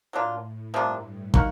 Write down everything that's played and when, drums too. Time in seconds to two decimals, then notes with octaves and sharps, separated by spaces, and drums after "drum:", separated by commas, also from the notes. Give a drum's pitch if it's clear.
0.13 A2 F#3 A#3 D4 F4
0.74 G2 C3 F3 A#3 D4
1.34 A#3 D#4 F#4 A#4, drum: kick